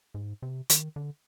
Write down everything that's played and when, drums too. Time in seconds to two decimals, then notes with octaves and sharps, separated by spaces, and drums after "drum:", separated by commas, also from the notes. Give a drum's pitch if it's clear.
0.14 G#2
0.42 C3
0.70 D#3, drum: hi-hat
0.96 D3